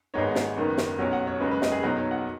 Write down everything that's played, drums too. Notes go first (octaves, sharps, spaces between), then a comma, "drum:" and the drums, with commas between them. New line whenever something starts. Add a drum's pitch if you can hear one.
G#1 G#2 G#3 B3 D#4 C#5
drum: snare
F#1 F#2 D#3 B3
drum: snare
B1 B2 F#3 C#4
F#5
C#5
F#1 F#2 C#3 G#3 B4
B4
D#5, drum: snare
G#4
B1 B2 F#3 D#4 B4
C#5
F#5